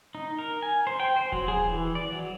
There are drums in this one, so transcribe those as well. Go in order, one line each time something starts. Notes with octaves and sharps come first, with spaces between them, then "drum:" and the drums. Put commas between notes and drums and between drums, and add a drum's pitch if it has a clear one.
D#4
A#4
G#5
C5
G5
C5
F#3, drum: kick D#1
G#4
E3
D5
F#3